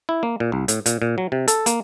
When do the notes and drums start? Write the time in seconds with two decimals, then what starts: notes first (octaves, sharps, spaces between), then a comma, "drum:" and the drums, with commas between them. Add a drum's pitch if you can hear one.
0.09 E4
0.23 A#3
0.40 A#2
0.52 C2
0.68 A2, drum: hi-hat
0.86 A#2, drum: hi-hat
1.02 A#2
1.18 F#3
1.32 C3
1.48 A4, drum: hi-hat
1.66 A#3, drum: hi-hat